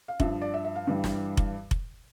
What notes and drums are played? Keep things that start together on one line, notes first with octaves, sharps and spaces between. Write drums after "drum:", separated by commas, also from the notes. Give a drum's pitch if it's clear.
F5
G2 F3 E5, drum: kick F1
D5
E5
E5
F5
G2 E3 G3
drum: snare
drum: kick F1
drum: kick F1